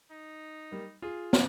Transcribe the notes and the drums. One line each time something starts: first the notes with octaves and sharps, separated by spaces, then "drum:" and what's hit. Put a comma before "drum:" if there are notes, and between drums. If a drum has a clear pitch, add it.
D#4
G3 A#3
F4 G#4
D4, drum: snare